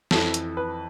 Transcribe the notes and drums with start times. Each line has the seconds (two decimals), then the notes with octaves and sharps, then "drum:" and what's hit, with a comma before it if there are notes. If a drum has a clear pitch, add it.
0.11 F2 E3 A4, drum: snare
0.34 drum: hi-hat
0.57 B4